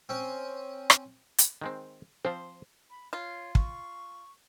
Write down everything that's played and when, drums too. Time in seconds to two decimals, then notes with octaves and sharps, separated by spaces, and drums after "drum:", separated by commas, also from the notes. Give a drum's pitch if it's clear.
0.09 C4 C#4
0.90 drum: rim click
1.38 drum: hi-hat
1.61 D#3 G#3 C4
2.25 F3 C4 C5
2.90 B5
3.13 F4 C#5
3.55 C#6, drum: kick